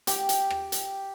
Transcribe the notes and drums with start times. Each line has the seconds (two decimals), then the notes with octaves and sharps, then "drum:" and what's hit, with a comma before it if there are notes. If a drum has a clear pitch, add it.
0.07 G4, drum: hi-hat
0.29 drum: hi-hat
0.50 drum: rim click
0.72 drum: hi-hat